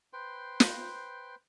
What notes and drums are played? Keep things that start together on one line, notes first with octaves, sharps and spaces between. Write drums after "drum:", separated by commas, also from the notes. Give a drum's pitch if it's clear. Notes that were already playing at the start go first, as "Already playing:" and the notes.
B4 C5 G5 C6
drum: snare